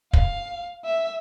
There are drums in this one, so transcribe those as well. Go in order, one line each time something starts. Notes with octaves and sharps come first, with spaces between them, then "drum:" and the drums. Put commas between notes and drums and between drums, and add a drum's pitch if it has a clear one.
F5, drum: kick
E5